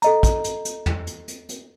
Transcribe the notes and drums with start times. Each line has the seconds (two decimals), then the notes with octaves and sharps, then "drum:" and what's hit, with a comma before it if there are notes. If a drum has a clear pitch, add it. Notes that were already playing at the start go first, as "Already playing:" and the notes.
0.02 A4 D#5 A#5, drum: hi-hat
0.23 drum: kick, hi-hat
0.44 drum: hi-hat
0.65 drum: hi-hat
0.86 drum: tom
1.07 drum: hi-hat
1.28 drum: hi-hat
1.49 drum: hi-hat